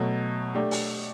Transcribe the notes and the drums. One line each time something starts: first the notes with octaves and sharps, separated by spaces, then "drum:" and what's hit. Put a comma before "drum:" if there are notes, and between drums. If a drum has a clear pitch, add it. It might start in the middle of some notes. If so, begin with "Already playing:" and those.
Already playing: B2 F#3 A3
A3 D4 G4
drum: open hi-hat